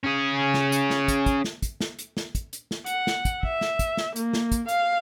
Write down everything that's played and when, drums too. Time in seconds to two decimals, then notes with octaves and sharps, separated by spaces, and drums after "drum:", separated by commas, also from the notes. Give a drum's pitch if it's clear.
0.04 C#4 G#4
0.54 drum: snare
0.72 drum: hi-hat
0.90 drum: snare
1.08 drum: kick, hi-hat
1.26 drum: kick, hi-hat
1.44 drum: snare
1.62 drum: kick, hi-hat
1.81 drum: snare
1.99 drum: hi-hat
2.17 drum: snare
2.35 drum: kick, hi-hat
2.53 drum: hi-hat
2.71 drum: snare
2.86 F#5, drum: hi-hat
3.07 drum: snare
3.25 drum: kick, hi-hat
3.43 E5, drum: kick
3.61 drum: snare
3.79 drum: kick, hi-hat
3.97 drum: snare
4.16 A#3, drum: hi-hat
4.33 drum: snare
4.52 drum: kick, hi-hat
4.68 F5, drum: hi-hat